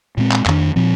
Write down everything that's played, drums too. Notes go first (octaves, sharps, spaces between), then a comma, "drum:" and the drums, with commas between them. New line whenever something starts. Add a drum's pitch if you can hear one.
A#2 G#3 C4
drum: clap
F2 D#3 A#3 D4, drum: clap
A#2 F3 C4